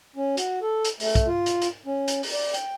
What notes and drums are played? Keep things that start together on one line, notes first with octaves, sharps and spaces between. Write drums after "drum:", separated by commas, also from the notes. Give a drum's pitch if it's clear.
C#4
F#4, drum: hi-hat
A4
drum: hi-hat
A3, drum: open hi-hat
drum: kick, hi-hat
F4
drum: hi-hat
drum: hi-hat
C#4
drum: hi-hat
drum: open hi-hat
D5
G5, drum: hi-hat